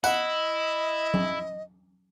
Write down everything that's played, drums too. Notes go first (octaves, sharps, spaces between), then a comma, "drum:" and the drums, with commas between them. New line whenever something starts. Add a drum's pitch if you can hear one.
E4 D#5 F#5, drum: tambourine
drum: tom F#3